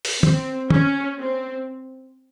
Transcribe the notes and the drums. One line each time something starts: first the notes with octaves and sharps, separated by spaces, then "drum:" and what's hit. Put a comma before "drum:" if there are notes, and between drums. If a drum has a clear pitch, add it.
drum: open hi-hat
C4, drum: tom
C#4, drum: tom
C4